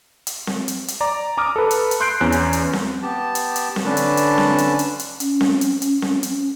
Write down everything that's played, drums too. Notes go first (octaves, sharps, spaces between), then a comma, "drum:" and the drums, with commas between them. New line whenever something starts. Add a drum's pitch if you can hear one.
drum: hi-hat
drum: snare C4
drum: hi-hat
drum: hi-hat
D5 A#5 D6
A#5 D6 D#6 F6
A4 B4
drum: hi-hat
drum: hi-hat
C6 F#6 G6 C7 D7
E2 C#4 F#6
drum: hi-hat
drum: hi-hat
drum: snare C4
B3 G4 A5
drum: hi-hat
drum: hi-hat
drum: snare C4
D3 C#4 D4 B4 A5
drum: hi-hat
drum: hi-hat
drum: snare C4
drum: hi-hat
drum: hi-hat
drum: hi-hat
C#4, drum: hi-hat
drum: snare C4
drum: hi-hat
drum: hi-hat
drum: snare C4
drum: hi-hat